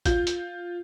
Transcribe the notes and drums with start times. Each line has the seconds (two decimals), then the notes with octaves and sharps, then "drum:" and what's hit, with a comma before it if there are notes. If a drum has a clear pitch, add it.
0.05 F4 G6, drum: kick, hi-hat
0.27 drum: hi-hat